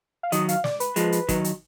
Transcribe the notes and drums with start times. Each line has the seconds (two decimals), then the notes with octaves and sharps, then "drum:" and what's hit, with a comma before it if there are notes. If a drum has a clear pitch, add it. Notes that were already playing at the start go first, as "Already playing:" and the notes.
0.23 F5
0.32 D#3 F#3 D#5, drum: hi-hat
0.49 F5, drum: hi-hat
0.64 D5, drum: snare
0.80 B4, drum: hi-hat
0.96 F3 G#3, drum: hi-hat
1.12 drum: hi-hat
1.29 D#3 F#3, drum: kick, hi-hat
1.44 drum: hi-hat